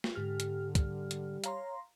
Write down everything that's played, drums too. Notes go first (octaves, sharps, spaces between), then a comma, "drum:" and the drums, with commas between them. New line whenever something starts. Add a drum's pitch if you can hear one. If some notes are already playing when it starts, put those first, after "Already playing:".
drum: snare
G#2 D3 G4 F6
drum: hi-hat
G3, drum: kick C2, hi-hat
drum: hi-hat
C#5 F5 A#5 C6, drum: hi-hat